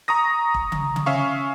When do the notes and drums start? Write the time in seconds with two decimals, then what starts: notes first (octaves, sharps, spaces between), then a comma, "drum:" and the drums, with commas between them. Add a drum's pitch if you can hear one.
0.08 A#5 C#6 D#6 A#6
0.54 drum: kick E1
0.72 drum: tom C#3
0.96 drum: tom C#3
1.06 C#4 E5 F5 C#6